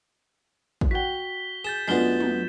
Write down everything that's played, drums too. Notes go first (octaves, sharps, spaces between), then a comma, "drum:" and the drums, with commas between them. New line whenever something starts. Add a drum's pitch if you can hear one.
drum: kick
F#4 F#5 G5 B6 G7
G#4 G6 A6 E7
F#2 G#3 A3 B3 D4 F4 A4
drum: tom